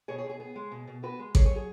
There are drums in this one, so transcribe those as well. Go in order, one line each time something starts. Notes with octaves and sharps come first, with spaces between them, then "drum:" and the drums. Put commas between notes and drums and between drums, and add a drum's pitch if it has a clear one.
B2 G#4 C#5
G#4 C#5
B2
G#4
B3 G#4
G#3
B2
B2
B3 F#4 B4
G#3
F#3 G#4 C#5, drum: kick A1
G#4 C#5
F#3
G#4